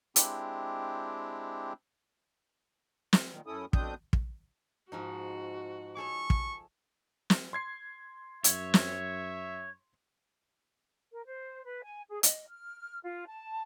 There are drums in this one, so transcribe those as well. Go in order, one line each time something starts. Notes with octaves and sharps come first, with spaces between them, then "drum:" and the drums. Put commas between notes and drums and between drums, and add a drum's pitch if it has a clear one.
G#3 C4 D4 E4 G4, drum: hi-hat
drum: snare
A#2 D#3
F#2 C#4 E4 A4 D#6
F2 B2 C4 D4 D#6 G6, drum: kick
drum: kick
G#2 F3 D#4 F#4
G#4 A4 C#5 C#6
drum: kick
drum: snare
C6 G#6 C7
F#2 C#5 E5, drum: hi-hat
drum: snare
A#4
C5
B4
G#5
G#4
D#5, drum: hi-hat
F6
F4
A5